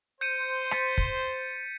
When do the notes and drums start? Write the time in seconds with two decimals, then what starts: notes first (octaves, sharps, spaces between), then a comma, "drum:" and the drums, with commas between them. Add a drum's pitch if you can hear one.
0.21 C5 G6 C#7 D#7
0.71 A6 B6 C#7, drum: rim click
0.98 drum: kick